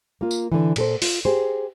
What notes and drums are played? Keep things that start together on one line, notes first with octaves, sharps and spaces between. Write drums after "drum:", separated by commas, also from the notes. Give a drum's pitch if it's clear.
A#3 F4
drum: tambourine
D3 E3
A#2 A4 C5, drum: cymbal
F4, drum: open hi-hat
G4 G#4 C5